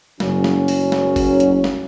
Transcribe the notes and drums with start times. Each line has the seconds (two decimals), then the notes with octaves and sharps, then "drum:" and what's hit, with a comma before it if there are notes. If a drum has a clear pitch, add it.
0.20 F#1 F#3 C#4, drum: snare
0.44 drum: snare
0.68 drum: open hi-hat
0.92 drum: snare
1.16 drum: kick, open hi-hat
1.40 drum: hi-hat
1.64 drum: snare